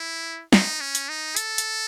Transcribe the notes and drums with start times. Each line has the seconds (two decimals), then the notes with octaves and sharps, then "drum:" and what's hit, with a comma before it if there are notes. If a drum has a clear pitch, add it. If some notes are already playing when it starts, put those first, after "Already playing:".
Already playing: E4
0.53 D#4, drum: snare
0.81 C#4
0.95 drum: hi-hat
1.09 D#4
1.36 A4, drum: hi-hat
1.58 drum: hi-hat